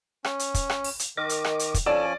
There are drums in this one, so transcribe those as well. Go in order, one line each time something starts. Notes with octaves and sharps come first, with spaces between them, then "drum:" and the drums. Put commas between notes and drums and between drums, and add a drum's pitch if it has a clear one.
C#4, drum: rim click
drum: hi-hat
drum: kick, hi-hat
drum: rim click
drum: open hi-hat
drum: hi-hat
D#3 A#4 D#5 D6
drum: hi-hat
drum: rim click
drum: hi-hat
drum: kick, hi-hat
F3 C#4 A4 D5 G#5 A5